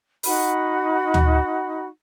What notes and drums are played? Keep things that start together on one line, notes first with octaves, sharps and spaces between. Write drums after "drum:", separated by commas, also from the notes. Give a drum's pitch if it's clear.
D#4 F#4 F#5 B5, drum: open hi-hat
drum: tom D2